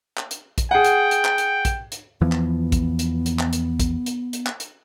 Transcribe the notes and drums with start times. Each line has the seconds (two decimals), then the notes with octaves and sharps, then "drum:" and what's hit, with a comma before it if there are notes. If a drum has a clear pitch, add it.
0.17 drum: clap
0.31 drum: hi-hat
0.58 drum: kick A#1, hi-hat
0.71 G#4 F#5 G5
0.84 drum: hi-hat
1.11 drum: hi-hat
1.25 drum: clap
1.38 drum: hi-hat
1.65 drum: kick A#1, hi-hat
1.92 drum: hi-hat
2.21 E2 E3 F3 B3
2.32 drum: clap
2.72 drum: kick A#1, hi-hat
2.99 drum: hi-hat
3.26 drum: hi-hat
3.39 drum: clap
3.53 drum: hi-hat
3.80 drum: kick A#1, hi-hat
4.06 drum: hi-hat
4.33 drum: hi-hat
4.47 drum: clap
4.60 drum: hi-hat